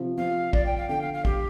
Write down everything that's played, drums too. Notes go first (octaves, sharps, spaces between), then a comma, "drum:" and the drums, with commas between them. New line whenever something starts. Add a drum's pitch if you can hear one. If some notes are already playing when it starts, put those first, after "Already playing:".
Already playing: C3 F3
F3 F5
D5, drum: kick
G5
F5
D3 G5
F5
F5
G4, drum: kick